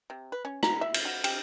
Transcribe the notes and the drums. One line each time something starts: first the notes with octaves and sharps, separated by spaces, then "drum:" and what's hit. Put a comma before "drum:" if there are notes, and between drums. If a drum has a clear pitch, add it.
C3
B4
C#4
A#5, drum: rim click
E5
drum: cymbal
F#4
G4, drum: cymbal